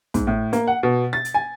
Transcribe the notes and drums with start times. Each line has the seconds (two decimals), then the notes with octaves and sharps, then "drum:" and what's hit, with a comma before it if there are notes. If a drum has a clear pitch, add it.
0.14 G#2, drum: kick, hi-hat
0.27 A2
0.53 A#3, drum: hi-hat
0.67 F#5
0.83 B2
1.13 A6
1.25 drum: hi-hat
1.34 G#5